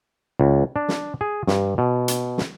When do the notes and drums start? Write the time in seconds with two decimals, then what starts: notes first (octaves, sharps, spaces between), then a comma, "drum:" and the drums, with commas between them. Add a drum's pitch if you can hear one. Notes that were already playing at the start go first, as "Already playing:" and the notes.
0.40 C#2
0.76 D4
0.88 drum: snare
1.21 G#4
1.47 G2, drum: snare
1.78 B2
2.08 drum: hi-hat
2.38 drum: snare